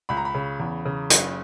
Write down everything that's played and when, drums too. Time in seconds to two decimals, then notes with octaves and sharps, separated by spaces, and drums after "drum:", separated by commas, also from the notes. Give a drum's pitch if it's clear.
0.09 C#2 B5
0.17 A#5
0.25 B5
0.35 C#3
0.60 E2
0.85 C#3
1.10 F#1, drum: hi-hat